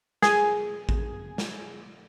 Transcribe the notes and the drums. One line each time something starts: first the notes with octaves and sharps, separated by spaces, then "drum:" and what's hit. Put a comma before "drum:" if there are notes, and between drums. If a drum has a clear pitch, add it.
G#4 G#5, drum: snare
drum: kick A1
drum: snare